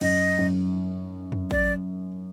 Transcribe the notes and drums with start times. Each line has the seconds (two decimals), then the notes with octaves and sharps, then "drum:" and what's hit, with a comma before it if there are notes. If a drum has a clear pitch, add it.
0.01 F#2 D#5, drum: cymbal
0.39 F#2
1.32 drum: tom
1.51 D5, drum: kick A1